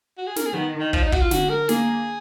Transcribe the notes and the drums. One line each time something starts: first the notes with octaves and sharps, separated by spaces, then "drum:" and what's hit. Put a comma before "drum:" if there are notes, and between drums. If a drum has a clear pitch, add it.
F#4
G#4
A#4, drum: snare
G#4
D#3 B3
D#3
F3, drum: kick
D#4
F#4, drum: kick
F4
D3 F#4, drum: snare
A#4
A#3 G#4, drum: snare